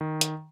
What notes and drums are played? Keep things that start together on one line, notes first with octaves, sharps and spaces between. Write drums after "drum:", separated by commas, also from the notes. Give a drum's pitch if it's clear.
D#3
drum: hi-hat